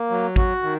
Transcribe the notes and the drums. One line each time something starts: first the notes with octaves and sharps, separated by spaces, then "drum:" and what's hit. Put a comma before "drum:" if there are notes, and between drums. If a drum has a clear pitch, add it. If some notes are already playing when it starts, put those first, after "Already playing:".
Already playing: A#3
F#3
F#4, drum: kick
D#3